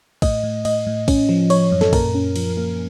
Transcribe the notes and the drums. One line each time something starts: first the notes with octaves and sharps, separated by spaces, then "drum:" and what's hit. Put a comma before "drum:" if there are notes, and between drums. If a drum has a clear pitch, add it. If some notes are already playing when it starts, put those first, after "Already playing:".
A2 D#5, drum: kick, cymbal
A2
A2 D#5, drum: cymbal
A2
C#4, drum: kick, cymbal
F3
C#4 C#5, drum: cymbal
F#2
A4, drum: snare
A#2 A#4, drum: kick, cymbal
C#4
F3, drum: cymbal
A#3